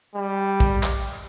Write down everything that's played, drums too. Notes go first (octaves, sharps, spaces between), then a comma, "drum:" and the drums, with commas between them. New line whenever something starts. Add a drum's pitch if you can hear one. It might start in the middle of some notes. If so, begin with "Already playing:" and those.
G3
drum: kick
drum: clap